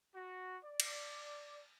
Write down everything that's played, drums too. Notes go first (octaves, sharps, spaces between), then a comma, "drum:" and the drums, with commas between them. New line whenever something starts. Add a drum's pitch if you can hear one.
F#4
D5
drum: cymbal